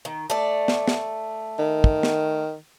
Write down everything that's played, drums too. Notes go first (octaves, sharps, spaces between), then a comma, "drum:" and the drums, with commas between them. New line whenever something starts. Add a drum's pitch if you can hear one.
D#3
A3 D5
drum: snare
drum: snare
D#3
drum: kick
drum: snare